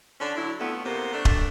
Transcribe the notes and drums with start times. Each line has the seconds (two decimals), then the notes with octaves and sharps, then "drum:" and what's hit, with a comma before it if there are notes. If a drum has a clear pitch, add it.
0.20 D3 C#4 D4
0.35 D3 F#3 E4
0.58 F2 A3 B3
0.84 C3 A#3 B3 C5
1.13 A3 D4
1.25 drum: kick D#1